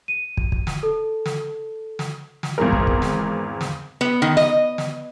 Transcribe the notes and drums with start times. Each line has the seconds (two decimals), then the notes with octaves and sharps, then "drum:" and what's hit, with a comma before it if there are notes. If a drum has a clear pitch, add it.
0.08 D#7
0.37 drum: kick
0.52 drum: kick
0.67 drum: snare
0.83 A4
1.26 drum: snare
1.99 drum: snare
2.43 drum: snare
2.58 G#1 E2 A#4
2.72 drum: kick
2.87 drum: kick
3.02 drum: snare
3.61 drum: snare
4.01 B3
4.22 D#3
4.37 D#5, drum: snare
4.78 drum: snare